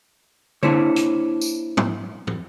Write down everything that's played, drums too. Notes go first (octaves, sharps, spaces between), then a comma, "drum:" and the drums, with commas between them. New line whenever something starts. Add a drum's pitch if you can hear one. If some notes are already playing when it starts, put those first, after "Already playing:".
A#3 D4 E4 C5 C#5, drum: tom D3
drum: hi-hat
drum: tambourine
drum: tom
drum: tom